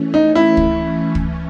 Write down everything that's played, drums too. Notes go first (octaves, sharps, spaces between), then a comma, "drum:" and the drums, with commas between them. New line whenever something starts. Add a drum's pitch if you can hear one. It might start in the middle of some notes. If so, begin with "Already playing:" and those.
Already playing: E3 A3 C#4
D#4
E4
drum: kick
drum: kick